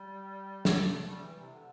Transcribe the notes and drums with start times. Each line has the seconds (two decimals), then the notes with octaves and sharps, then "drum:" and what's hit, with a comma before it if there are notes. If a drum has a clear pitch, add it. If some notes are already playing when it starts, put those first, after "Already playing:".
Already playing: G3
0.65 A3, drum: snare
1.09 G3
1.24 E3
1.39 C3
1.53 D3